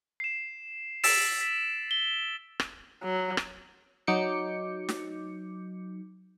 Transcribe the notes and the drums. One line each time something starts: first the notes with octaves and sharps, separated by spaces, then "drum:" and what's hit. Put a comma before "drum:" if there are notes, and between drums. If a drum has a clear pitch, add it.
C7 E7
E6 A6 B6 D7 E7, drum: open hi-hat
B6
G7
drum: rim click
F#3
drum: rim click
F#3 D#4 D6 G6 C#7
drum: snare